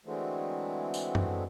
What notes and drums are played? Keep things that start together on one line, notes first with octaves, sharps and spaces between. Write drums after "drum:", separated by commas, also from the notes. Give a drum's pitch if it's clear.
D3 E3 F#3 G#3 A3 C4
drum: tambourine
drum: tom F#2